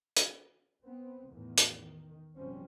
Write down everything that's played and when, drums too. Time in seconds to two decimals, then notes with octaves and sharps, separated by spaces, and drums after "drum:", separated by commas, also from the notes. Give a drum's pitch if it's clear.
0.17 drum: hi-hat
0.85 B3 C4
1.30 E2 A2 D#3
1.58 drum: hi-hat
1.77 D#3
2.35 F#1 B2 F3 G3 C4 C#4